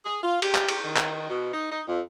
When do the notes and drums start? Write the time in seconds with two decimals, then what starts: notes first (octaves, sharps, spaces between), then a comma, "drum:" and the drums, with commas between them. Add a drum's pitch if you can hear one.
0.04 G#4
0.22 F4
0.42 G4, drum: cymbal
0.55 drum: clap
0.68 drum: cymbal
0.84 D#3
0.96 drum: clap
1.29 B2
1.52 D#4
1.71 D#4
1.87 F2